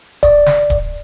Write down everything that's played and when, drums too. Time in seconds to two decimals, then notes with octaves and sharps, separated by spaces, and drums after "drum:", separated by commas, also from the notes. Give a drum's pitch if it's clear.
0.23 D5, drum: kick D1, hi-hat
0.46 drum: snare
0.70 drum: kick D1, hi-hat